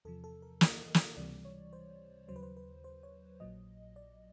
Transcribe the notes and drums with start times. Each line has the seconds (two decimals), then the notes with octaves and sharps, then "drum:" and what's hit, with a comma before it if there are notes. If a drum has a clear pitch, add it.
0.05 E2 C3 F3 A4
0.24 A4
0.42 A#4
0.61 D#5, drum: snare
0.94 drum: snare
1.17 C#2 C3 E3 G3 D5
1.45 C#5
1.73 C5
2.28 D#2 C#3 F#3 C5
2.36 B4
2.43 C5
2.57 B4
2.84 C5
3.03 C#5
3.40 A#1 A#2 F#3 D#5
3.96 D5